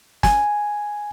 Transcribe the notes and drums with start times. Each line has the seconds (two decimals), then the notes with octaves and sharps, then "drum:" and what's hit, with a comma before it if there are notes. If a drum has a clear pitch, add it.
0.23 G#5, drum: snare